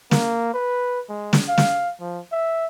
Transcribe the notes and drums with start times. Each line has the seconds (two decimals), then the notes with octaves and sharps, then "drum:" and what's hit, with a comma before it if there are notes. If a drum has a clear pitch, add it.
0.11 A#3, drum: snare
0.54 B4
1.09 G#3
1.33 drum: snare
1.49 F5
1.58 drum: snare
2.00 F3
2.32 E5